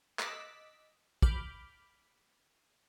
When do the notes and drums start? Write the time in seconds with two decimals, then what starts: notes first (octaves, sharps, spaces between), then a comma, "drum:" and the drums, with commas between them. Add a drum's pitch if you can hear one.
0.19 D#5 D6 E6 F#6 A6 B6, drum: clap
1.22 B5 D6 F6 G6, drum: kick